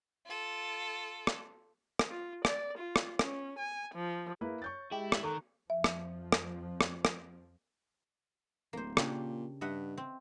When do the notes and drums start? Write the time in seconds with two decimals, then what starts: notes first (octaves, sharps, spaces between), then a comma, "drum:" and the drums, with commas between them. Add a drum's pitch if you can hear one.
0.26 F4 A4
1.27 drum: rim click
1.99 drum: rim click
2.09 F4
2.45 D5, drum: rim click
2.78 F4
2.96 drum: rim click
3.19 C#4, drum: rim click
3.58 G#5
3.94 F3
4.41 A#3 E4 G#4 B4
4.62 C#5 C#6 G6 A6
4.91 G#3 E4 G4 G5
5.12 drum: rim click
5.23 D#3 A4 A#5 C#6 F#6
5.70 F2 F3 E5
5.84 drum: rim click
6.32 drum: rim click
6.81 drum: rim click
7.05 drum: rim click
8.73 D1 A#3 C5
8.97 A#2 C#3 D4 G4, drum: rim click
9.61 G2 D#5 E5 F#5
9.97 C4